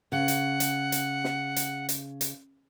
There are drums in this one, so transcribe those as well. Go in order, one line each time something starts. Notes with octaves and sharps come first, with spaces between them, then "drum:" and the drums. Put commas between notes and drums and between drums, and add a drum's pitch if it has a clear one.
C#3 F#5
drum: hi-hat
drum: hi-hat
drum: hi-hat
drum: snare
drum: hi-hat
drum: hi-hat
drum: hi-hat